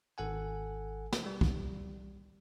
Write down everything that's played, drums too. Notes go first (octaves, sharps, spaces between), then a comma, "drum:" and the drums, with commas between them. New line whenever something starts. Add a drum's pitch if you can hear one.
G#1 A4 F#5 G#5
drum: snare
G3
drum: kick